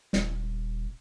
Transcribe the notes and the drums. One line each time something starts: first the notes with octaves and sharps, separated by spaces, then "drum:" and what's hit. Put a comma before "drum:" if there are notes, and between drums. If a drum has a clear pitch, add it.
D#1, drum: snare